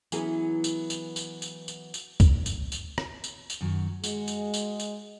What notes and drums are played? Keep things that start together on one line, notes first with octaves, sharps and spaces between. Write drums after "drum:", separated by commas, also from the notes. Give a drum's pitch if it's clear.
E3 F#3 B3 C#4 G#4 B4, drum: tambourine
drum: tambourine
drum: tambourine
drum: tambourine
drum: tambourine
drum: tambourine
drum: tambourine
drum: kick, tambourine
drum: tambourine
drum: tambourine
drum: rim click
drum: tambourine
drum: tambourine
F#2 D#3 F#3
G#3 F#4, drum: tambourine
drum: tambourine
drum: tambourine
drum: tambourine